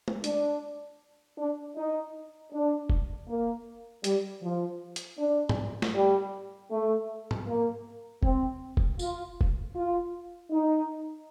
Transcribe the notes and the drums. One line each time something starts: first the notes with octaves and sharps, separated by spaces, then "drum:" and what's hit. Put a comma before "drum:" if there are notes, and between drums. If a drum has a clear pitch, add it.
drum: tom G#3
D4, drum: hi-hat
D4
D#4
D4
drum: kick F1
A#3
G3, drum: hi-hat
F3
drum: hi-hat
D4
drum: tom G#2
drum: snare A3
G3
A3
drum: tom G#2
A#3
C4, drum: kick F1
drum: kick F1
F4, drum: tambourine
drum: kick F1
F4
D#4